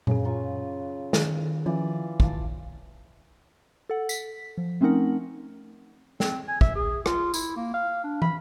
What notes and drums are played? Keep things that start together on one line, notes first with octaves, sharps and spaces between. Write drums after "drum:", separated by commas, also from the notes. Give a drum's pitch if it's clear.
F#2 C#3 G#4, drum: tom A#2
F#3 F4 C#6
D#3, drum: snare
E3 F3 C#4 F4 D5
D#3 D5 F5 A5, drum: kick
A4 F#5
B6, drum: tambourine
F3
A3 C4 C#4 D#4 A#4 F#5
C4, drum: snare
G#5
E5, drum: kick
G#4
F4, drum: rim click
E4, drum: tambourine
A#3
F5
D4
B5, drum: tom